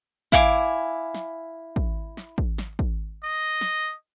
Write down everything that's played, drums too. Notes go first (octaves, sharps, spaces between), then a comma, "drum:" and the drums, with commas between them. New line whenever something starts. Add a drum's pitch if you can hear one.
E4 F5 G#5 D6, drum: kick
drum: snare
drum: kick
drum: snare
drum: kick
drum: snare
drum: kick
D#5
drum: snare